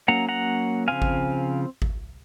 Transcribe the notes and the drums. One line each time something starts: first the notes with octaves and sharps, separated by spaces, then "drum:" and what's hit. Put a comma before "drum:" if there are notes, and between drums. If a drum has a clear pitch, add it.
F#3 A#3 C#4 F#5 A#5
F#5 A#5
C#3 F3 C4 F5 G#5
drum: kick G#1
drum: kick G#1